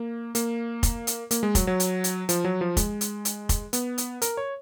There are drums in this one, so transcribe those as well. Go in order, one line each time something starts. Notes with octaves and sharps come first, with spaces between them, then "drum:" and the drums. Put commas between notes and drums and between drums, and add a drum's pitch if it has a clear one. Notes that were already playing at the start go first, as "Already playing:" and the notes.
Already playing: A#3
A#3, drum: hi-hat
drum: kick F1, hi-hat
drum: hi-hat
A#3, drum: hi-hat
G#3
F#3, drum: kick F1, hi-hat
F#3
drum: hi-hat
drum: hi-hat
F3, drum: hi-hat
F#3
F3
G#3, drum: kick F1, hi-hat
drum: hi-hat
drum: hi-hat
drum: kick F1, hi-hat
B3, drum: hi-hat
drum: hi-hat
A#4, drum: hi-hat
C#5